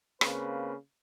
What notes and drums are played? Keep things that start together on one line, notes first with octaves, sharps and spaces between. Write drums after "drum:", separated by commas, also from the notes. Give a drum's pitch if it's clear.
C#3 A#3 C4 B4, drum: rim click